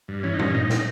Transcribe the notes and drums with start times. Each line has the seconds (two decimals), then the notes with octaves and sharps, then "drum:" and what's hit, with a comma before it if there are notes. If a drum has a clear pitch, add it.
0.08 G2
0.23 E3 C#4
0.34 D#4
0.39 G2 C#4, drum: tom A#2
0.54 A#2 D#4
0.70 A#2, drum: snare